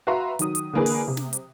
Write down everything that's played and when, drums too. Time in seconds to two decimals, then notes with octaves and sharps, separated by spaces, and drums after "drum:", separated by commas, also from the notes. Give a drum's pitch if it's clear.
0.07 F#4 B4 E5 F5 A#5 C6
0.39 D#3 F#3 D#6, drum: hi-hat
0.55 drum: hi-hat
0.73 D3 E3 A#3 G#4 B4
0.86 drum: open hi-hat
1.07 C3
1.17 drum: snare
1.33 drum: hi-hat